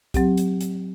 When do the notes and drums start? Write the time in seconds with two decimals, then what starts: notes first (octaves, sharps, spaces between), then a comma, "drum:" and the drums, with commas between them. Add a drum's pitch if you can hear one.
0.14 F#3 C4 G4, drum: kick B1, hi-hat
0.37 drum: hi-hat
0.61 drum: hi-hat